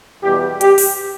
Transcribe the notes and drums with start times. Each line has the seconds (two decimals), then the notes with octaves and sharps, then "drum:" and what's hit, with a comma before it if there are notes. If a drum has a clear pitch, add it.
0.23 E2 B2 G3 G4
0.61 G4, drum: hi-hat
0.78 drum: open hi-hat